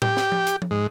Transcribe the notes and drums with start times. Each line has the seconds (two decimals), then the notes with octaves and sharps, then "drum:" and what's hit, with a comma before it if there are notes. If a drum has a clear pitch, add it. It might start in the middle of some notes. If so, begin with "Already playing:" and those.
0.02 G4, drum: tom A2
0.17 drum: snare
0.32 drum: tom
0.47 drum: hi-hat
0.62 drum: tom
0.71 G#2